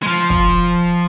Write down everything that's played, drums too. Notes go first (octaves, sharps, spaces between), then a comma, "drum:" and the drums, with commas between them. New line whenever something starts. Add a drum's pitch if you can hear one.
G#3
F3
drum: kick, hi-hat